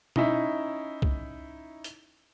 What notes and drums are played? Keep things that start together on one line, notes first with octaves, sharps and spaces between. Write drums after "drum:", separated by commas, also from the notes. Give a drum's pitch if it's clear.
C#4 D#4 E4 E5, drum: tom B2
drum: kick C#2
drum: hi-hat